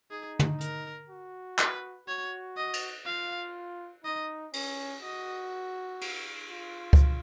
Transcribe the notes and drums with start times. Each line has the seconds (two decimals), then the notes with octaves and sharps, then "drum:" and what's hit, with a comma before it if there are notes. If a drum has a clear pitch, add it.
0.11 D#4 G#4
0.39 drum: tom
0.60 A#4, drum: hi-hat
1.09 F#4
1.59 B4, drum: clap
2.07 F#4 C#5
2.57 D#5
2.73 drum: cymbal
3.06 F4 F5
4.04 D#4 D#5
4.53 C#4, drum: cymbal
5.02 F#4 D#5
6.01 F5, drum: cymbal
6.50 F4
6.93 drum: kick C#2